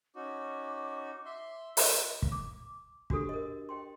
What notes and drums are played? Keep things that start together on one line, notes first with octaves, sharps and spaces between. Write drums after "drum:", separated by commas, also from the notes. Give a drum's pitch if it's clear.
C#4 D#4 F#4 D6
E5 C6
F4 D#5, drum: open hi-hat
drum: kick
D6
D4 F#4 G4 A4, drum: kick
A#4 D#5
D#5 G5 C6